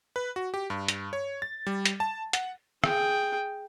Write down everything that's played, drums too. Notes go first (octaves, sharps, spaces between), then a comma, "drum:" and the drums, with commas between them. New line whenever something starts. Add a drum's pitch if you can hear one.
B4
F#4
G4
G2
drum: hi-hat
C#5
A6
G3
drum: hi-hat
A5
F#5, drum: hi-hat
G#4 G5, drum: rim click